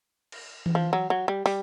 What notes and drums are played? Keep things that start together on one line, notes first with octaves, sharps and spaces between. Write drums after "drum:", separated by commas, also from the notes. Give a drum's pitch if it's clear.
drum: cymbal
drum: tom E3
F3
F#3
F#3
G3
G3, drum: open hi-hat